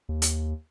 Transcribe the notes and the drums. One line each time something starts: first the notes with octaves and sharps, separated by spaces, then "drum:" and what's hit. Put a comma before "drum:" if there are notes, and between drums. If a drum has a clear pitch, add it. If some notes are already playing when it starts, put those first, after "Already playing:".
D#2
drum: hi-hat